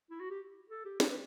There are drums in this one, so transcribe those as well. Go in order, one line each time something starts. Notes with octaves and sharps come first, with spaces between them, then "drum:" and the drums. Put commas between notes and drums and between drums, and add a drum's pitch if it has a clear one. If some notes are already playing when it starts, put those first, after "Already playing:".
E4
F#4
G4
A4
G4
G4, drum: snare
B4